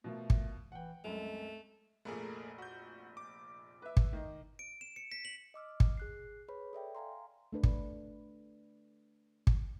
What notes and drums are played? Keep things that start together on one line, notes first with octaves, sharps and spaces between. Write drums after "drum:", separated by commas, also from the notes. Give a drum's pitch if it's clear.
B2 F3 A3 A#3
drum: kick
E3 F#5 G5
C2 F#2 G#3 A3
F1 A#1 A3 A#3 G#4
F#4 G6
D6
B4 E5
drum: kick
D#3 D#4
D7
E7
C#7
B6
F#7
D#5 D6 E6 F6
drum: kick
G#4 F#6 C7
G#4 B4 C#5 B5
A4 D5 E5 G5
F5 G#5 A#5 C6
A3 D4 B4
drum: kick
drum: kick